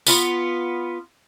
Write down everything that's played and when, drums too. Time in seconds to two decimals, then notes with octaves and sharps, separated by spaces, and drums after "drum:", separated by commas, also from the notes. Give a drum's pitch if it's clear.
0.07 B3 F4, drum: tambourine